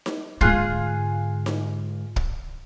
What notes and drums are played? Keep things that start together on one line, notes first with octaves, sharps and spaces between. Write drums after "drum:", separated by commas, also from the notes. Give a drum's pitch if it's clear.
drum: snare D#4
G#2 D3 F4 G#4 F#6, drum: kick
drum: snare D#4
drum: kick